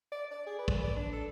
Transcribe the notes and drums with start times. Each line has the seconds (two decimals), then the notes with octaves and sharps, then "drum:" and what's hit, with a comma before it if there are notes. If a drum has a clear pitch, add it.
0.12 D5
0.31 D5
0.46 G#4
0.58 B4
0.68 drum: kick
0.83 D5
0.96 D4
1.13 A4